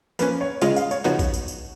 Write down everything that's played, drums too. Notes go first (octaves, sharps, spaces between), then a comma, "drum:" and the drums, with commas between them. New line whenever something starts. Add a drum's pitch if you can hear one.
F3 A#3 C#4 B4, drum: tambourine
C#5
C#3 G#3 C#4 F4 D#5, drum: tambourine
F5, drum: tambourine
C#5, drum: tambourine
C#3 F3 B3 D#4 F#4 C#5, drum: tambourine
drum: kick, tambourine
drum: tambourine
drum: tambourine